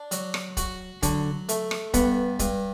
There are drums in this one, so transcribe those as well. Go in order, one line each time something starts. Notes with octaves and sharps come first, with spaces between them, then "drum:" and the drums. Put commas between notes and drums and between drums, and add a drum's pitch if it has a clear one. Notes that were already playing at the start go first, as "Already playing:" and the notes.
Already playing: D4
F#3, drum: hi-hat
drum: rim click
F#4, drum: kick, hi-hat
D3 F#3, drum: kick, hi-hat
A3, drum: hi-hat
drum: rim click
G2 B3, drum: kick, hi-hat
G2, drum: kick, hi-hat